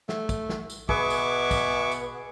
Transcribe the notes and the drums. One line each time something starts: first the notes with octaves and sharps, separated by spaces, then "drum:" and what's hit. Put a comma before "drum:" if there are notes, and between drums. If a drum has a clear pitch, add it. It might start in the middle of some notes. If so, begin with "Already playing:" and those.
A3, drum: snare
drum: kick, tambourine
drum: snare
drum: tambourine
B2 G#4 B4 E5 C#6 D6, drum: kick
drum: tambourine
drum: kick, tambourine
drum: tambourine